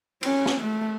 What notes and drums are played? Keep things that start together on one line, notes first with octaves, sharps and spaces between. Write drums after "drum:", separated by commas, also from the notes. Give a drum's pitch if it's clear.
C#4, drum: cymbal
drum: snare
A3